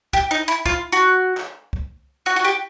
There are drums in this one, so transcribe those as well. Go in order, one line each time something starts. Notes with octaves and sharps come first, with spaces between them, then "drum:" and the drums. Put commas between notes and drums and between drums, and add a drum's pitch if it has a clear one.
G4, drum: kick
D#4
E4
F4, drum: kick
F#4
drum: clap
drum: kick
F#4
F#4
G4